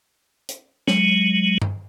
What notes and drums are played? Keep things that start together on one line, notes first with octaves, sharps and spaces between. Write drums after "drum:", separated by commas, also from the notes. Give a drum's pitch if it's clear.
drum: hi-hat
F#3 G#3, drum: snare
drum: tom G2